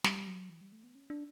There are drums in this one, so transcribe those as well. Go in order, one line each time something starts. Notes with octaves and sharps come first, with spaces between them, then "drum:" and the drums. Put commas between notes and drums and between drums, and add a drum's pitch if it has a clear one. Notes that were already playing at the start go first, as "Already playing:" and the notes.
G3, drum: snare
F#3
E3
G3
A3
B3
C#4
D4